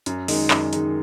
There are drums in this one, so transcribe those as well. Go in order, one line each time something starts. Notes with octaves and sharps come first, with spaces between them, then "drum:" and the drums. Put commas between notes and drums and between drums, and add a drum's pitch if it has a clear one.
F#2, drum: hi-hat
D#3 G#3 D#4, drum: open hi-hat
F#2, drum: clap
D#3 G#3 D#4, drum: hi-hat